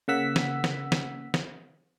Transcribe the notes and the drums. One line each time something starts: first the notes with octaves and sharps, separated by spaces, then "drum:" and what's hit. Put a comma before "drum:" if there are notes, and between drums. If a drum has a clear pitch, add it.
C#3 A#3 F#5 E6 B6
drum: snare
drum: snare
drum: snare
drum: snare